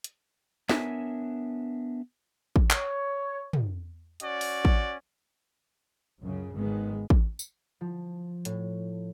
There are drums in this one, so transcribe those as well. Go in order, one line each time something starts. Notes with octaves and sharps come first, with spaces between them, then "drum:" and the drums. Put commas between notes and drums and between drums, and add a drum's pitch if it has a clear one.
drum: hi-hat
B3 D4 A#4 C#5 E5 G#5, drum: snare
drum: kick A1
C#5, drum: clap
drum: tom
C#4 F#4 D5, drum: hi-hat
drum: open hi-hat
drum: kick A1
C#2 F#2 C#3
G#1 G#2 D#3 G#3 B3
drum: kick A1
drum: tambourine
F3
A2, drum: hi-hat